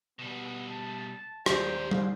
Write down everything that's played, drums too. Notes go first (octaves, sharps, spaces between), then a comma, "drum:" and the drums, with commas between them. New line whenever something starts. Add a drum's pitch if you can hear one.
B2 G3 B3
A5
D#2 G#3 G4 A#4 C5 D5, drum: rim click
drum: tom G3